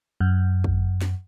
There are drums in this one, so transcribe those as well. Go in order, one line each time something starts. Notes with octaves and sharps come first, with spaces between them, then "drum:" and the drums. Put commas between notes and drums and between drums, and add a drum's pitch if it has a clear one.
F#2
drum: kick
drum: snare